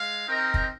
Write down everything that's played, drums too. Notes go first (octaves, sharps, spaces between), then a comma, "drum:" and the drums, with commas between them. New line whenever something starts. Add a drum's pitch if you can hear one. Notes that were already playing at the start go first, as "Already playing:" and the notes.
Already playing: G#3 F5
C4 D#4 A#4 D#5
drum: kick